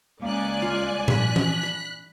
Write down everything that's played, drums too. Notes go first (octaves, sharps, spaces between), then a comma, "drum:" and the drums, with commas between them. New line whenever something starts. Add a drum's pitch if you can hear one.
C#2 A#3 D5 G#5 F#6
F4
F3 F#6 B6, drum: tom A#2
drum: tom E3
B5